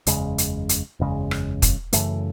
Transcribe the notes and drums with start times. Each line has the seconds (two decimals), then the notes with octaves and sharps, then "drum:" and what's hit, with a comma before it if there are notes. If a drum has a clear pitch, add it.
0.07 F#1 E2 C#3 G#3, drum: hi-hat
0.38 drum: hi-hat
0.69 drum: hi-hat
1.00 F#1 E2 C#3 G#3
1.31 drum: rim click
1.62 drum: kick, hi-hat
1.93 F#2 C#3 E3 A3, drum: hi-hat